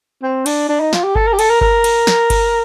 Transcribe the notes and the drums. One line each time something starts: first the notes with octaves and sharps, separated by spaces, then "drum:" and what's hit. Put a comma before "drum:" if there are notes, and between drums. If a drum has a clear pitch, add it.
C4
D4, drum: cymbal
D4
D#4
F4, drum: snare
G4
A4, drum: kick G1
A#4
G4
A4, drum: cymbal
A#4
A#4, drum: kick G1
drum: cymbal
drum: snare
drum: kick G1, cymbal